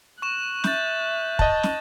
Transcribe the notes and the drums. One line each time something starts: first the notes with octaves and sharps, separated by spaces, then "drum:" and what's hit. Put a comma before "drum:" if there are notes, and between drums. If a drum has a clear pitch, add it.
C#6 F#6 E7
E5 G6 A6, drum: snare
D#5 A5, drum: kick
drum: snare